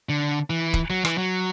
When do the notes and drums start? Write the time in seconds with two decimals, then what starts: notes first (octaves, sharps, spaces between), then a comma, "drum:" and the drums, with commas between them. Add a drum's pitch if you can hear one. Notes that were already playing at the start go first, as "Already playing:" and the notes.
0.09 D3
0.50 E3
0.74 drum: kick E1
0.90 F#3
1.05 E3, drum: rim click
1.18 F#3